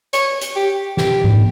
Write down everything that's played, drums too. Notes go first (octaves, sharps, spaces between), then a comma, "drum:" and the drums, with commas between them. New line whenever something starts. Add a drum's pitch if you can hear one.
C#5, drum: hi-hat
drum: hi-hat
G4
G4, drum: snare
drum: tom G#2